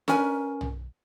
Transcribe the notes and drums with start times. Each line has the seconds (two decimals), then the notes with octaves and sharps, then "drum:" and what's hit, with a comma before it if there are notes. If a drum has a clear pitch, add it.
0.08 C#4 A#4 B4 G#5, drum: snare
0.61 drum: tom